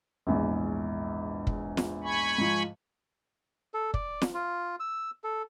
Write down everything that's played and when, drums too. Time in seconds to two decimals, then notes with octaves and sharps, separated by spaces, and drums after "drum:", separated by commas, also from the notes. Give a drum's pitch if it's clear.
0.27 A#1 E2 G#2
1.47 drum: kick
1.77 drum: snare
2.03 G#5 B5 C#6
2.38 G#2 F3
3.74 A4
3.94 D5, drum: kick
4.22 drum: snare
4.34 F4
4.80 E6
5.24 A4